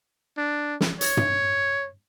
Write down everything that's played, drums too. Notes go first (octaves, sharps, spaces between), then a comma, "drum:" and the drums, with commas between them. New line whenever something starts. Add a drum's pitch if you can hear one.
D4
drum: snare
C#5, drum: hi-hat
drum: tom